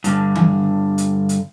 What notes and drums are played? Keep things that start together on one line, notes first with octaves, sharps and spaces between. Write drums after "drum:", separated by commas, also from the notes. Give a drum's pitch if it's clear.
G2 D3, drum: hi-hat
drum: tom D#3
drum: hi-hat
drum: hi-hat